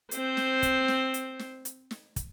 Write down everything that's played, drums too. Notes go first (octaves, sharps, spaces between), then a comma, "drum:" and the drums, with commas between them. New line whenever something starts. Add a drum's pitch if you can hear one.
C4 C5, drum: hi-hat
drum: snare
drum: kick, hi-hat
drum: snare
drum: hi-hat
drum: snare
drum: hi-hat
drum: snare
drum: kick, hi-hat